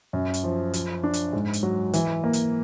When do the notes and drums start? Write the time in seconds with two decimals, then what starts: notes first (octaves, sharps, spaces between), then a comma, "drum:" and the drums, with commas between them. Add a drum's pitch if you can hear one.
0.13 F#2
0.34 drum: hi-hat
0.44 F3
0.73 F3, drum: hi-hat
1.04 D4
1.13 drum: hi-hat
1.33 G#2
1.53 drum: hi-hat
1.63 F#3
1.93 E3, drum: hi-hat
2.24 A#3
2.33 drum: hi-hat